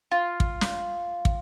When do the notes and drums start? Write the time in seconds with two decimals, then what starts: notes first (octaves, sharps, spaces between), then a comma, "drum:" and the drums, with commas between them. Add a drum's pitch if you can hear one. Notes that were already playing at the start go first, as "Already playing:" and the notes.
0.12 F4
0.40 drum: kick
0.61 drum: snare
1.25 drum: kick